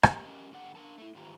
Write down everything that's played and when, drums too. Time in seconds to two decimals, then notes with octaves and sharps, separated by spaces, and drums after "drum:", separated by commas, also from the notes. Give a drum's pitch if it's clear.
0.03 A#3 C4 G4 A5 A#5, drum: rim click
0.24 C#4 G4 A#4 D#5 G#5
0.51 G#2 D3 G4 D5 F#5
0.75 D4 A#4 A5
0.98 A3 E4
1.15 G#2 D#3 F4 G4 G#5 A#5